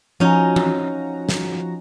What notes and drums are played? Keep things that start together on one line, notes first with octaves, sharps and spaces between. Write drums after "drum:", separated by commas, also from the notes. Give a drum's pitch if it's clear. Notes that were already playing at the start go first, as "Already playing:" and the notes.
F3 C#4 D#4 F#4 A#5
drum: tom E3
drum: snare